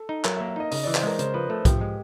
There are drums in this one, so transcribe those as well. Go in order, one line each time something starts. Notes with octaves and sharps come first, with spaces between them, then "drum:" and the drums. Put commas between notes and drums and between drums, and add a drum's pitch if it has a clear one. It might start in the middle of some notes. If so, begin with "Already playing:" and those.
Already playing: A4
D#4
F#3 A#4, drum: clap
E5
A#3
E5
D#4 D#5
C#3 D#5, drum: open hi-hat
E3 D5
C5, drum: clap
G#3 A#4
C#3 C5, drum: hi-hat
F3 B4
A3 A4
F3 G4, drum: kick B1, hi-hat
G#3